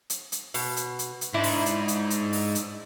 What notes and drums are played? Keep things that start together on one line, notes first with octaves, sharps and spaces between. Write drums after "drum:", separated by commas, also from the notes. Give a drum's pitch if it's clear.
drum: hi-hat
drum: hi-hat
B2, drum: open hi-hat
drum: hi-hat
drum: hi-hat
drum: hi-hat
G#2 D4 E4
drum: open hi-hat
drum: hi-hat
drum: hi-hat
drum: hi-hat
drum: open hi-hat
drum: hi-hat